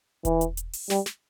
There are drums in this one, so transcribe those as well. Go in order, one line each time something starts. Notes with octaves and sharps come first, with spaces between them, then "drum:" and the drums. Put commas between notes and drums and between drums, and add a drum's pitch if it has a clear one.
E3, drum: kick E1, hi-hat
drum: hi-hat
drum: hi-hat
drum: open hi-hat
G3, drum: snare
drum: snare